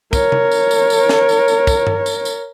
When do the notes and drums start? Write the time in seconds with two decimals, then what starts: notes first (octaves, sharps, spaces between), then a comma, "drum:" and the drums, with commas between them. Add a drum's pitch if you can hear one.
0.13 A#4 C#5, drum: kick, tambourine
0.32 drum: tom C3
0.51 drum: tambourine
0.71 drum: tambourine
0.90 drum: tambourine
1.09 drum: snare
1.29 drum: tambourine
1.48 drum: tambourine
1.67 drum: kick, tambourine
1.87 drum: tom G2
2.06 drum: tambourine
2.25 drum: tambourine